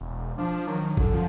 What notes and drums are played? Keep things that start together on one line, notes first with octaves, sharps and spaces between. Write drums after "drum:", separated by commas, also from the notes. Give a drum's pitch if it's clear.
E1
F3 D4
D#3 F#3
F#2 D3, drum: kick G1
F3